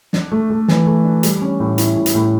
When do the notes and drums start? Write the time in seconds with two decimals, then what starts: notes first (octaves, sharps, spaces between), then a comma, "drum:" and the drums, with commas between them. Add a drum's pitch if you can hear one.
0.13 D4, drum: snare
0.32 A3
0.50 A3
0.68 E3, drum: snare
0.87 A3
1.04 D4
1.23 G3, drum: hi-hat
1.42 C#4
1.60 A2
1.78 E4, drum: hi-hat
1.97 A2
2.06 drum: hi-hat
2.15 A2